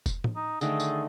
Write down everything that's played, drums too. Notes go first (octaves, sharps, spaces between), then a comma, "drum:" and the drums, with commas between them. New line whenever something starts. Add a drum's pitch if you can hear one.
drum: kick F1, tambourine
drum: tom
D#4
D3 D#3 A3 G#4, drum: tambourine
drum: tambourine